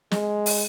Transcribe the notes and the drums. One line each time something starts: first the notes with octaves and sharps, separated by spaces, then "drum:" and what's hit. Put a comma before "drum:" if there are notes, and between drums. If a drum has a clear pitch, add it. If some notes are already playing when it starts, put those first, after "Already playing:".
G#3, drum: snare
drum: open hi-hat